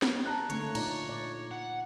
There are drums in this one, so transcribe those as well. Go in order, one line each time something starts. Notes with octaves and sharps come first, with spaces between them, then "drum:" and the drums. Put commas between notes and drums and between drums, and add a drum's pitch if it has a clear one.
drum: snare
A5 A#5 F#6
D3 A3 A#3 C#5, drum: hi-hat
A#2 D#4 D5 A#5, drum: cymbal
D5
F#5